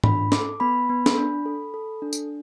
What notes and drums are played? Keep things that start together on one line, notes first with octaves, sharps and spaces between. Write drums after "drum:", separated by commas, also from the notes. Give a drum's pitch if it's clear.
D4 B5, drum: tom G#2
A4 D6, drum: snare
B3 B5
B3
drum: snare
D4
A4
A4
D4
drum: tambourine